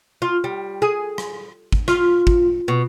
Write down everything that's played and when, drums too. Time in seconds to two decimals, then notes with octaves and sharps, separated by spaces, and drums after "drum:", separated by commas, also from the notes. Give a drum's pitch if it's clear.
0.22 F4
0.44 G3
0.82 G#4
1.18 drum: rim click
1.72 drum: kick
1.88 F4, drum: rim click
2.27 drum: kick
2.68 B2